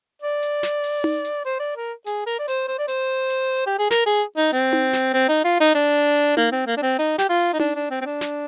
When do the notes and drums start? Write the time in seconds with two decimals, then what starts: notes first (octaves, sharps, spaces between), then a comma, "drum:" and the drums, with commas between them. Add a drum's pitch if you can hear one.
0.22 D5
0.42 drum: hi-hat
0.63 drum: snare
0.83 drum: open hi-hat
1.04 drum: tom D#4
1.24 drum: hi-hat
1.45 C5
1.60 D5
1.76 A#4
2.06 G#4, drum: hi-hat
2.26 A#4
2.39 D5
2.48 C5, drum: hi-hat
2.67 C5
2.79 D5
2.88 C5, drum: hi-hat
3.29 drum: hi-hat
3.67 G4
3.79 G#4
3.91 A#4, drum: snare
4.06 G#4
4.37 D#4
4.52 C4, drum: hi-hat
4.73 drum: tom D#4
4.93 drum: snare
5.14 C4
5.29 D#4
5.45 F4
5.60 D#4
5.75 D4, drum: hi-hat
6.16 drum: hi-hat
6.37 A#3, drum: tom D#4
6.52 C4
6.67 A#3
6.77 D4
6.82 C4
6.99 D#4, drum: hi-hat
7.18 G4, drum: snare
7.29 F4
7.39 drum: open hi-hat
7.53 D#4
7.60 D4, drum: tom D#4
7.75 D4
7.90 C4
8.01 C4
8.05 D4
8.21 drum: snare